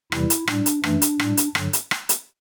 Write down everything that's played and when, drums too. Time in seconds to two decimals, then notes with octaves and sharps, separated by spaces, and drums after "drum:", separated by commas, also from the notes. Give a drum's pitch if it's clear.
0.12 E2 C3 E3 G3 E4, drum: rim click
0.30 drum: hi-hat
0.47 A2 G3 D4, drum: rim click
0.66 drum: hi-hat
0.84 F#2 E3 A3 D4, drum: rim click
1.02 drum: hi-hat
1.19 A2 G3, drum: rim click
1.37 drum: hi-hat
1.55 G2 D3 F#3, drum: rim click
1.73 drum: hi-hat
1.91 drum: rim click
2.09 drum: hi-hat